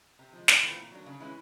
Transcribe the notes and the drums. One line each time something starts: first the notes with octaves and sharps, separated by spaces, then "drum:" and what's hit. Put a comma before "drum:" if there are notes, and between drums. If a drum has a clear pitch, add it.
C3
F3 G#3
A2, drum: snare
E3 A3 C4 F4
A#2
F#3 A#3 D4
C#3
E3 G#3 C#4 E4